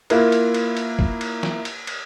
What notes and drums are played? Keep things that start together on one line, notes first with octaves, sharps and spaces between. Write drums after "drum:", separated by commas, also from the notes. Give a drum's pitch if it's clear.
A#3 E4 F4 A#4 B4, drum: cymbal
drum: cymbal
drum: cymbal
drum: cymbal
drum: kick
drum: cymbal
drum: snare
drum: cymbal
drum: cymbal